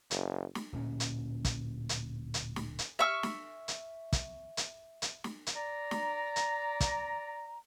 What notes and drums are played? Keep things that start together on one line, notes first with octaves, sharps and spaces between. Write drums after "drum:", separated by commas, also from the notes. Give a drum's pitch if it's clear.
F#1, drum: hi-hat
drum: snare
D1 A#2 C#4
drum: hi-hat
drum: kick, hi-hat
drum: hi-hat
drum: hi-hat
drum: snare
drum: hi-hat
E5 C#6 E6 F6
drum: snare
drum: hi-hat
drum: kick, hi-hat
drum: hi-hat
drum: hi-hat
drum: snare
drum: hi-hat
D5 A#5
drum: snare
drum: hi-hat
drum: kick, hi-hat